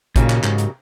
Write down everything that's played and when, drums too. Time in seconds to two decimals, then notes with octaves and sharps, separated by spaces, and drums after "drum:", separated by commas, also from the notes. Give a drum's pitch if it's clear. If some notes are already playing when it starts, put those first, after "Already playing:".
0.16 A#2 C#3 F#3 A#3 D#4 G4, drum: kick, hi-hat
0.30 drum: clap
0.44 G#2, drum: clap
0.58 drum: hi-hat